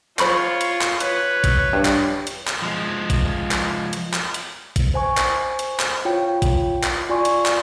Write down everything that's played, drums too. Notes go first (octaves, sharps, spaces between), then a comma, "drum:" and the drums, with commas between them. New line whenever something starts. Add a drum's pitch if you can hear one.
F4 C5 C#5 B5 C#6, drum: clap
drum: hi-hat
drum: clap
B4 C#5, drum: hi-hat
drum: kick A1, hi-hat
G2
drum: clap
drum: hi-hat
drum: clap
F3 G#3
drum: kick A1, hi-hat
drum: clap
drum: hi-hat
drum: clap
drum: hi-hat
drum: kick A1, hi-hat
C5 G#5 C#6
drum: clap
drum: hi-hat
drum: clap
F4 C#5 G5
drum: kick A1, hi-hat
drum: clap
F4 D5 G#5 C6 C#6
drum: hi-hat
drum: clap